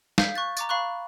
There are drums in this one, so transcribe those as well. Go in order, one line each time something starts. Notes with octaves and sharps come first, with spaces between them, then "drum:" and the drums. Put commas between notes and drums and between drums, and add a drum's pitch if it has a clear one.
F5 G6 B6, drum: snare
C#6 F#6 A6
A#5 D6 A6, drum: tambourine
F5 B5 C#6 F#6